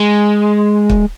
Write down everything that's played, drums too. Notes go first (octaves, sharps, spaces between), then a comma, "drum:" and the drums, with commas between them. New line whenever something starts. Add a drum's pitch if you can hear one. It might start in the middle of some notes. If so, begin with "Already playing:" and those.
Already playing: G#3
drum: kick